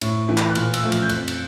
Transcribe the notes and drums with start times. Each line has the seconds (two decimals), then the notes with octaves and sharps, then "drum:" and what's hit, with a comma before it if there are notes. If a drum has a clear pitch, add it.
0.01 A2, drum: cymbal
0.28 E3 A3
0.38 drum: clap
0.50 F#6
0.55 A#2 F6, drum: cymbal
0.74 E6, drum: cymbal
0.83 F3 A3
0.92 F6, drum: cymbal
1.02 G6
1.09 F2 F#6, drum: cymbal
1.28 drum: cymbal